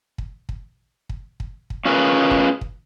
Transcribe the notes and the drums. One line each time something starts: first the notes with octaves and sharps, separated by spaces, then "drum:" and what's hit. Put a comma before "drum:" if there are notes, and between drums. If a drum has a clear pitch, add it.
drum: kick
drum: kick
drum: kick
drum: kick
drum: kick
C#4 F4 G#4 A#4 B4
drum: kick
drum: kick